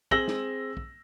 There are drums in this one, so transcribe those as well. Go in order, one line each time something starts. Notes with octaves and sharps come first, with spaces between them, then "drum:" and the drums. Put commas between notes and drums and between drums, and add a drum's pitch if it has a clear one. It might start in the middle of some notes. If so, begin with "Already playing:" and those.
C4 G#4 E6 A#6 F#7 G7, drum: kick
drum: snare
drum: kick